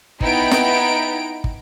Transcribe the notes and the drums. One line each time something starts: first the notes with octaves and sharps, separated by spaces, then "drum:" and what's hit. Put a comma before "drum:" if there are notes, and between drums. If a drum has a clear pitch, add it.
B3 D#4 E4 G5 A#5 D7, drum: kick
drum: snare
drum: kick